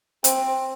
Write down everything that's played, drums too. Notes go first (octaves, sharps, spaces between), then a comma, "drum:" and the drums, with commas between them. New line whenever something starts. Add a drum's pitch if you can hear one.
C4, drum: hi-hat